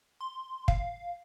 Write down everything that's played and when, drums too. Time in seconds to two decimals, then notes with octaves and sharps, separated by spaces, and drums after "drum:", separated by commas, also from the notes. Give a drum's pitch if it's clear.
0.21 C6
0.68 F5, drum: kick